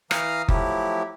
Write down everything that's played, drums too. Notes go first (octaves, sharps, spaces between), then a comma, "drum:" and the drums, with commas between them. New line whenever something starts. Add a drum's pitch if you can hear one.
E3 F5 A#5 D#6 F6, drum: rim click
F3 F#3 A3 E4 G4, drum: kick F#1